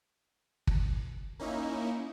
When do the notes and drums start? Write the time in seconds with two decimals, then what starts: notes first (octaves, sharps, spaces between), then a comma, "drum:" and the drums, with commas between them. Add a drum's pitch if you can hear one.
0.67 drum: kick
1.39 A#3 C#4 D#4 E4